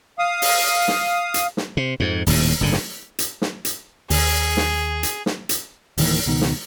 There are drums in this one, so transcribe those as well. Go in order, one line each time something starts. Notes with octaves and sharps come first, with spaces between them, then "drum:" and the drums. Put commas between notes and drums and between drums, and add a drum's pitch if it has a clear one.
F5 D#6
drum: open hi-hat
drum: snare
drum: hi-hat
drum: snare
C3
F2 G#2
D#1 D#2 A2 C3, drum: open hi-hat
F#1 G#2 D3
drum: snare
drum: hi-hat
drum: snare
drum: hi-hat
D#2 G#4, drum: open hi-hat
drum: snare
drum: hi-hat
drum: snare
drum: hi-hat
D1 D#3 E3 A#3, drum: open hi-hat
C#2 B2 D#3
drum: snare